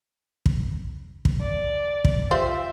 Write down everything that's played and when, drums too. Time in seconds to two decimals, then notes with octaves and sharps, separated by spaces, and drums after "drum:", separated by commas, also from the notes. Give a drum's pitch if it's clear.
0.46 drum: kick
1.25 drum: kick
1.41 D5
2.05 drum: kick
2.31 F4 G4 C5 E5